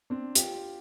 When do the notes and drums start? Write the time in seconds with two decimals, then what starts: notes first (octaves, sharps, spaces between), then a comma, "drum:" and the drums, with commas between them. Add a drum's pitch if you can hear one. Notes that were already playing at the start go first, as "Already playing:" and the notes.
0.10 C4 D4
0.35 F4 G4, drum: hi-hat